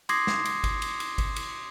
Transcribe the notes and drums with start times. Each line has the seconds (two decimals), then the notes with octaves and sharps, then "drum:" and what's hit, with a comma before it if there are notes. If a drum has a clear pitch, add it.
0.09 C6 D6 D#6 G#6 A#6 C7, drum: cymbal
0.27 drum: snare
0.45 drum: cymbal
0.64 drum: kick G#1, cymbal
0.82 drum: cymbal
1.00 drum: cymbal
1.18 drum: kick G#1, cymbal
1.36 drum: cymbal